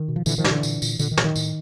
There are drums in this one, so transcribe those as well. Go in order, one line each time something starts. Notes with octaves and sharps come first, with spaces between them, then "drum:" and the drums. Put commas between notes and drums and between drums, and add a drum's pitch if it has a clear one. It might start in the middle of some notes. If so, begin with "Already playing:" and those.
Already playing: D#3
B2
F3
A#2 D3 E3, drum: tambourine
D#3 F3
A#2, drum: snare
D3 E3
A#2, drum: tambourine
A#2, drum: tambourine
A#2 D3, drum: tambourine
D#3
A#2, drum: snare
D#3
A2, drum: tambourine